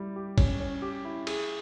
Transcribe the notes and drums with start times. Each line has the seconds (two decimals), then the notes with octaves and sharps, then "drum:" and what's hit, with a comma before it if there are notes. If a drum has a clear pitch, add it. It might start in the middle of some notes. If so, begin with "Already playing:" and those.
Already playing: G3 E4
0.16 G4
0.38 C#4, drum: kick, cymbal
0.60 C#4
0.82 G4
1.05 E4
1.27 G#4, drum: cymbal